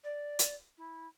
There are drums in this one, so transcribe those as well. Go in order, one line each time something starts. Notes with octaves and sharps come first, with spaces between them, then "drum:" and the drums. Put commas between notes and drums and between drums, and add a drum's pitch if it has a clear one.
D5
drum: hi-hat
E4